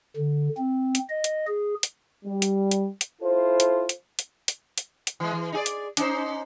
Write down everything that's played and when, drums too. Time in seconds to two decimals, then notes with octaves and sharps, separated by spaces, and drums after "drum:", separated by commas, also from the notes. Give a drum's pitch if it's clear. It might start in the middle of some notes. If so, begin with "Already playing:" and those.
0.17 D3
0.57 C4
0.95 drum: hi-hat
1.10 D#5
1.24 drum: hi-hat
1.47 G#4
1.83 drum: hi-hat
2.25 G3
2.42 drum: hi-hat
2.71 drum: hi-hat
3.01 drum: hi-hat
3.22 E4 F4 A4 C5
3.60 drum: hi-hat
3.89 drum: hi-hat
4.19 drum: hi-hat
4.48 drum: hi-hat
4.78 drum: hi-hat
5.07 drum: hi-hat
5.20 E3 G#3
5.33 E3
5.52 D#4 G#4 D5
5.66 drum: hi-hat
5.97 C#4 D#4 C5, drum: hi-hat